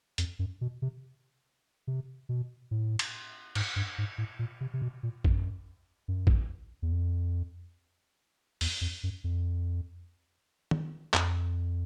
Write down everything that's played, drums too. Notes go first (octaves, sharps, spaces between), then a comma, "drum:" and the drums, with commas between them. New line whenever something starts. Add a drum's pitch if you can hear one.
F2, drum: hi-hat
F#2
B2
C3
C3
B2
A2
drum: cymbal
G#2, drum: cymbal
G2
G#2
A2
A#2
C3
C3
B2
A#2
F#2, drum: kick A1
F#2
drum: kick A1
E2
F2
E2, drum: open hi-hat
F2
F#2
F2
drum: tom D#3
F2, drum: clap